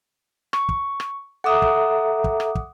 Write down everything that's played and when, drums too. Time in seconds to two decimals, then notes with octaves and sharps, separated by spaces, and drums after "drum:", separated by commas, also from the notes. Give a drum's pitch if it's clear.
0.53 C#6, drum: rim click
0.69 drum: kick
1.00 drum: rim click
1.44 A4 E5 F#5 A#5 D6 D#6
1.62 drum: kick
2.24 drum: kick
2.40 drum: rim click
2.55 drum: kick